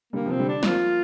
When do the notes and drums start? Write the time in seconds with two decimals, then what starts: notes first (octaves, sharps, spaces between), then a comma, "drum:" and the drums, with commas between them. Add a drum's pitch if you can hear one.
0.13 D3 G3 A#3
0.26 C3 F3
0.31 C4
0.39 D3 G3
0.48 D4
0.63 C4, drum: snare
0.66 F3 A#3 F4